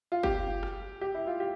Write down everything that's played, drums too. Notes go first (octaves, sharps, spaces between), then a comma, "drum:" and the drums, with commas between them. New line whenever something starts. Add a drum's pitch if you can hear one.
F4
G4, drum: kick G1
drum: rim click
G4
E4
F4
G4